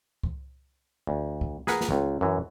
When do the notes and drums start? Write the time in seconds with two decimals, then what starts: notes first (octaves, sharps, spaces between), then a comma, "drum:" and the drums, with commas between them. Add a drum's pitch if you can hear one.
0.23 drum: kick C2
1.07 D2
1.41 drum: kick C2
1.67 G#4 A#4 B4 F#5, drum: snare
1.81 drum: snare
1.91 C#2
2.21 F#2 E3